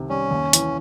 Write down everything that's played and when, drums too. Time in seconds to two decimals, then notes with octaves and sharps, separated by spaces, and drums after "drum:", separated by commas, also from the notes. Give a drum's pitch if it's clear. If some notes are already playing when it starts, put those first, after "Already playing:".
Already playing: C2 C3 D#3
0.09 G3 C#4
0.31 D#2
0.53 E3, drum: hi-hat